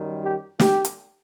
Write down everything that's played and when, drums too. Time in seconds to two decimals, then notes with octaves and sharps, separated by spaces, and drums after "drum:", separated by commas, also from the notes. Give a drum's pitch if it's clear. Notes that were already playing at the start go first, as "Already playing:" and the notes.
Already playing: F#2 D#3 G3
0.22 G4
0.60 G4, drum: snare
0.85 drum: hi-hat